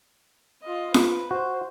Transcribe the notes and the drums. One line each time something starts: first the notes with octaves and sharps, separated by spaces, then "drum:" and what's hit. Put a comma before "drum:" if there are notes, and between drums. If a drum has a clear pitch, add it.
F4 D#5
B4, drum: snare F4
F#4 C5